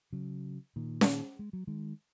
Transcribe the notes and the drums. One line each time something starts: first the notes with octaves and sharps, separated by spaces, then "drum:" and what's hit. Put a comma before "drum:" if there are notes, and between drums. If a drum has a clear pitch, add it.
C#3 F#3
A#2 D#3
drum: snare C#4
G#3
F#3
D#3 G#3